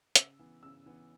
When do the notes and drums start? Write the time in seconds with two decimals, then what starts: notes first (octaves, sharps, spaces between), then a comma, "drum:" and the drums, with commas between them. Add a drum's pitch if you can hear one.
0.15 C#3 E6, drum: hi-hat
0.39 E3 B3
0.63 C#3 E6
0.86 E3 B3